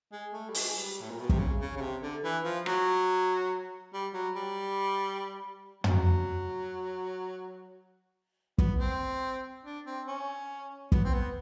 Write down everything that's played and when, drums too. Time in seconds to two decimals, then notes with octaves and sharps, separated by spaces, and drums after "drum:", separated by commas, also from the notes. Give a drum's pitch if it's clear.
0.12 G#3
0.33 A3
0.49 G3
0.55 G#3, drum: open hi-hat
0.75 G3
1.01 A2
1.10 A#2
1.20 B2
1.29 C3, drum: kick
1.39 C#3
1.61 C#3
1.77 C#3
1.81 C3
2.02 D3
2.24 E3
2.45 F3
2.66 F#3, drum: rim click
3.93 G3
4.14 F#3
4.36 G3
5.84 F#3, drum: tom
8.58 B3, drum: kick
8.80 C4
9.65 D4
9.86 C4
10.07 C#4
10.92 B3, drum: kick
11.04 C4
11.14 B3